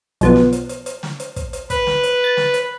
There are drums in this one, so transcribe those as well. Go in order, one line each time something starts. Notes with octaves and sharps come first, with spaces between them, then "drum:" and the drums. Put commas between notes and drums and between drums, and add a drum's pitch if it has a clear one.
B1 F3 B3, drum: hi-hat
drum: snare
drum: hi-hat
drum: hi-hat
drum: hi-hat
drum: snare
drum: hi-hat
drum: kick, hi-hat
drum: hi-hat
B4, drum: kick, hi-hat
drum: snare
drum: hi-hat
A6
drum: snare
drum: hi-hat